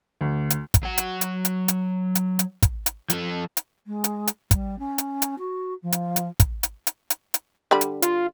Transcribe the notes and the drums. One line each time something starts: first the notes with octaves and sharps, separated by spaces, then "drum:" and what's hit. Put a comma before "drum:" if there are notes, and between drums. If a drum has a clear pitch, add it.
D2
drum: hi-hat
drum: kick, hi-hat
F#3 F#5
drum: hi-hat
drum: hi-hat
drum: hi-hat
drum: hi-hat
drum: hi-hat
drum: hi-hat
drum: kick, hi-hat
drum: hi-hat
F3 A4, drum: hi-hat
drum: hi-hat
G#3
drum: hi-hat
drum: hi-hat
G3, drum: kick, hi-hat
C#4
drum: hi-hat
drum: hi-hat
F#4
F3
drum: hi-hat
drum: hi-hat
drum: kick, hi-hat
drum: hi-hat
drum: hi-hat
drum: hi-hat
drum: hi-hat
D3 G3 B5
drum: hi-hat
F4, drum: hi-hat